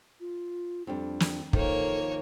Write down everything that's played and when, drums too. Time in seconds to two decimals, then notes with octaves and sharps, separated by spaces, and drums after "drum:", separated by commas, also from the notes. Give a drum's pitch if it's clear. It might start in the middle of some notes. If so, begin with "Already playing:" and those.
0.20 F4
0.87 F2 G3 D4
1.20 drum: snare
1.53 D#3 F3 A#3 D#4 A4 C#5, drum: kick